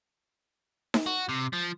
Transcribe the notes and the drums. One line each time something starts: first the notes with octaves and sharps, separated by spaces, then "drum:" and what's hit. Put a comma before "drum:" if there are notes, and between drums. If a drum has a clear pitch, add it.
drum: snare D#4
F#4
C3
F3